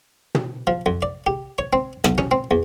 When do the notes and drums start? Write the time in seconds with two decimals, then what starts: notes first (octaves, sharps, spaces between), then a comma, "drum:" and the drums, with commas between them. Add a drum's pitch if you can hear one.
0.35 drum: tom
0.67 F3
0.86 F2
1.02 D5
1.27 G4
1.58 C#5
1.73 C4
2.04 B1, drum: rim click
2.18 C#4, drum: tom
2.31 C4
2.51 E2